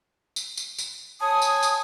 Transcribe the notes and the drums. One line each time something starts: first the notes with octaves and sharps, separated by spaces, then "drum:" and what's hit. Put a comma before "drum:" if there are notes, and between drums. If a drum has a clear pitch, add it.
drum: tambourine
drum: tambourine
drum: tambourine
C#5 G#5 A5 D#6
drum: tambourine
drum: tambourine